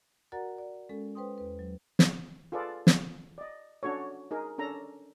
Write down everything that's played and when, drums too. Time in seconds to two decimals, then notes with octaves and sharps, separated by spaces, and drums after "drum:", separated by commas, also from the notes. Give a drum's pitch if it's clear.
0.32 F#4 A#4 D5 F#5 A#5 A6
0.59 D5
0.89 G#3 C#4 A4
1.15 B4 C5 G5 C6 D#6
1.38 E2 B4
1.59 F#3
1.99 drum: snare
2.52 F4 G#4 A4 B4 D5
2.87 drum: snare
3.38 D5 D#5
3.83 C#4 D4 F#4 A4 C#5
4.31 D#4 G#4 A#4
4.58 C#4 D4 A4 A#5